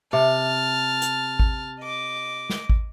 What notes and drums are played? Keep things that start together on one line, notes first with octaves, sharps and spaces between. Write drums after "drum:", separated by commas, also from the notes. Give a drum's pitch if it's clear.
C3 A5 F6
drum: hi-hat
drum: kick G#1
D#5 D6
drum: snare
drum: kick G#1